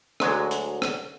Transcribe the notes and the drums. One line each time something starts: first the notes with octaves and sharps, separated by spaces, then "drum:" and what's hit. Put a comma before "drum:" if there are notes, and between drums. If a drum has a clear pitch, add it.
D2 D3 F#3 G#3, drum: rim click
drum: hi-hat
drum: rim click